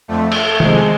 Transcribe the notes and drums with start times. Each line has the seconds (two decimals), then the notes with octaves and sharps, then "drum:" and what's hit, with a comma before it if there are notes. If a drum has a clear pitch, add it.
0.08 F2 D3 F3 A3
0.32 drum: cymbal
0.60 F2 C3 F3 G#3, drum: tom D#3